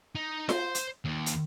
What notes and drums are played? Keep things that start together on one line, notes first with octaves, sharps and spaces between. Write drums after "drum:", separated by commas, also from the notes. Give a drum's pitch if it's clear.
D#4
C5, drum: snare F4
drum: hi-hat
D#2
drum: hi-hat